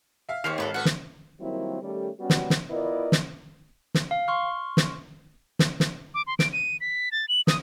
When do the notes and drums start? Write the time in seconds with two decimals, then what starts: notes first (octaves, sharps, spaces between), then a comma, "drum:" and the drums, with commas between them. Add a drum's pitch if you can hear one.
0.29 E5 F5
0.44 D#2 G4 C5 C#5 F6 C7 F7
0.58 G#1 A4 B4 C#5
0.74 F#4 A4 B4 F#5
0.85 drum: snare
1.41 D#3 F#3 G3 A#3 C4 E4
1.82 D#3 G3 A3 C#4 G4 A4
2.20 G3 B3 C#4 F#4
2.30 drum: snare
2.50 drum: snare
2.71 B3 E4 F4 A#4 D5 D#5
3.12 drum: snare
3.94 drum: snare
4.11 F5
4.28 C6 C#6 F6
4.77 drum: snare
5.59 drum: snare
5.80 drum: snare
6.14 D6
6.27 C6
6.39 D7, drum: snare
6.53 D#7
6.81 B6
7.12 A6
7.29 F#7
7.47 D#6, drum: snare